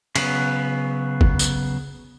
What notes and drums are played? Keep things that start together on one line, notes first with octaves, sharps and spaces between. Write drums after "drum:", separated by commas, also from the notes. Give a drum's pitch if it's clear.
C#3 F#3 B3, drum: cymbal
drum: kick
drum: tambourine